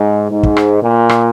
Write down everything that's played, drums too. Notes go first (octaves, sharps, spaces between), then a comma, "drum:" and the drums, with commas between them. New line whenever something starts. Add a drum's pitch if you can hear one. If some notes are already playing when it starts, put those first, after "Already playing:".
Already playing: G#2
G#2
drum: kick
drum: rim click
A#2
drum: rim click